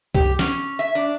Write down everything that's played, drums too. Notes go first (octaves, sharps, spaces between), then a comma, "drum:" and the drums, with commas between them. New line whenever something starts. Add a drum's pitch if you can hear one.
G4, drum: kick C2
C#4, drum: snare
E5
D4